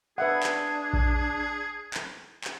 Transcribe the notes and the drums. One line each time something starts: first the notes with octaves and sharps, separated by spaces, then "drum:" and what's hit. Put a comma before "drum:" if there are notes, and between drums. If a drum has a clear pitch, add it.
D4 G#4 B4 E5 F#5
drum: clap
drum: kick A#1
drum: clap
drum: clap